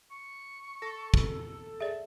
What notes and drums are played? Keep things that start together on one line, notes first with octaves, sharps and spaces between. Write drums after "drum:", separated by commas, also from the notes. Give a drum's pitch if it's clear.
C#6
A4 A#6
drum: kick
G#4 D5 E5